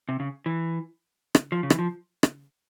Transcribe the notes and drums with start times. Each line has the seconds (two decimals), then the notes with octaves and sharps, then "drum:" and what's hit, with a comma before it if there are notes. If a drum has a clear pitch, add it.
0.09 C3
0.20 C#3
0.46 E3
1.35 drum: rim click
1.52 F3
1.63 C#3
1.70 E3, drum: rim click
1.79 F3
2.23 drum: rim click